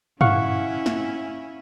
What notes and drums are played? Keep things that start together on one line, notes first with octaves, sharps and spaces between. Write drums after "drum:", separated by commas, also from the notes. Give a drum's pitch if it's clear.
C#4 E4 F5 F#5 C#6, drum: tom G2
drum: snare